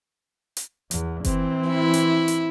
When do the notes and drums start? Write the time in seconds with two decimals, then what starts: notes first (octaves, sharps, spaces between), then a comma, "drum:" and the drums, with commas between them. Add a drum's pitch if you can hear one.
0.57 drum: hi-hat
0.91 E2, drum: hi-hat
1.25 E3 C4, drum: kick F#1, hi-hat
1.68 E4
1.94 drum: hi-hat
2.28 drum: hi-hat